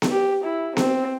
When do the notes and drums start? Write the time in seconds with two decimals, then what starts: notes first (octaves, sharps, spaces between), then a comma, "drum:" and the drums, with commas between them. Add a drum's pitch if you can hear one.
0.02 drum: snare B3
0.11 G4
0.44 E4
0.77 C4, drum: snare B3